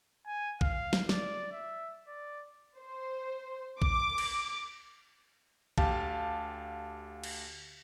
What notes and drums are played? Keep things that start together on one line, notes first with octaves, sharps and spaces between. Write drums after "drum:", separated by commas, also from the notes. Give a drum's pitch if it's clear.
G#5
F5, drum: kick
drum: snare
D5, drum: snare
E5
D5
C5
D6, drum: kick
drum: cymbal
D2 G4 F5 A5, drum: kick
drum: cymbal